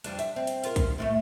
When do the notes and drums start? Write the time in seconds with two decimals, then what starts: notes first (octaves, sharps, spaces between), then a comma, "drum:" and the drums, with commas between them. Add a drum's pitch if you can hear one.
0.04 F2 G3 D4, drum: hi-hat
0.19 E5, drum: hi-hat
0.36 C4
0.47 drum: hi-hat
0.64 F4 A#4, drum: hi-hat
0.76 drum: kick, hi-hat
0.98 A2 G#3 A3